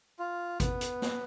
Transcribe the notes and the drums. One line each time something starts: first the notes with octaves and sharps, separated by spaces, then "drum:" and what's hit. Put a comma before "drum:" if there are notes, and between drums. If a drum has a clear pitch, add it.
F4
B3, drum: kick G#1, hi-hat
drum: hi-hat
drum: snare